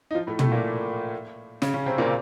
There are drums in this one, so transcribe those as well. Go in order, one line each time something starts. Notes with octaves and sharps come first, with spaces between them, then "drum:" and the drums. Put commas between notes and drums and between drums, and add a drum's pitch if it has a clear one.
D#4
F3 F4
A2 A3
A2 A3, drum: tom
A#2 A#3
C#3 C#4, drum: snare
C#3 C#4
C3 C4
A#2 A#3